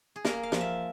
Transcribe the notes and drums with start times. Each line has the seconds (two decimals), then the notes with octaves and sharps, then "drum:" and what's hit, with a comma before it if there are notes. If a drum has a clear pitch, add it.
0.16 G#4
0.25 A#3 A#4, drum: snare
0.43 F5
0.52 F3, drum: snare
0.61 E5